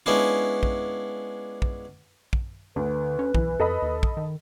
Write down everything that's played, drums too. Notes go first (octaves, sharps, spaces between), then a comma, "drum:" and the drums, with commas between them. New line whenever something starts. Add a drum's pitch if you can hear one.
G#3 B3 C#4 D4 E4 F4
drum: kick
drum: kick
drum: kick
D2 D3 B4
C#4
B1 E3, drum: kick
F2 A4 D#5 B5
D#2
drum: kick
D#3